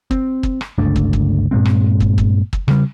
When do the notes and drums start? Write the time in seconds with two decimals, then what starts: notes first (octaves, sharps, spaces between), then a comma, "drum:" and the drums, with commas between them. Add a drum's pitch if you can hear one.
0.11 C4, drum: kick
0.43 drum: kick
0.61 drum: rim click
0.78 G1 C#2 A3 D4
0.96 drum: kick
1.13 drum: kick
1.51 G2 A#2 G#3 C4
1.65 drum: rim click
2.00 drum: kick
2.18 drum: kick
2.53 drum: kick
2.68 C#3 G3, drum: rim click